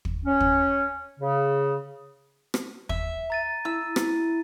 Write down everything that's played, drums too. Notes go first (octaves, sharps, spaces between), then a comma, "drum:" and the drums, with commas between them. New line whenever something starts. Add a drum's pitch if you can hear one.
drum: kick
C#4
drum: kick
C#3
drum: rim click
E5, drum: kick
A#5 A6 D#7
E4 E6
drum: rim click